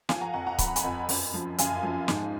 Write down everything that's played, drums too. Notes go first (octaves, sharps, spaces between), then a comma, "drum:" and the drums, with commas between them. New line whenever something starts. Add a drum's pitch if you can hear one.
F3 F5 G#5, drum: snare
F#5 A#5
F2 F#5 A#5
F#5 A#5
F3 B5, drum: kick C#1, hi-hat
A#5
G#5 B5, drum: hi-hat
F2
F#2, drum: open hi-hat
F3
F#2 F5 G#5, drum: hi-hat
F3
G#2, drum: snare